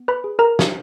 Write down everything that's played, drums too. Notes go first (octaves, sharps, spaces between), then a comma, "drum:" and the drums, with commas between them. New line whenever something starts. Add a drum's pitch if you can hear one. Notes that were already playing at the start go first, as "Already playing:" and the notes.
Already playing: B3
B4 B5
G#4
A#4 A#5
drum: snare